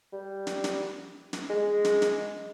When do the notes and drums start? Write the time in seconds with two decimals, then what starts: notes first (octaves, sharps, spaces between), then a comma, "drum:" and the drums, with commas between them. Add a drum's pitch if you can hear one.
0.12 G3
0.47 drum: snare
0.64 drum: snare
1.33 drum: snare
1.50 G#3
1.85 drum: snare
2.02 drum: snare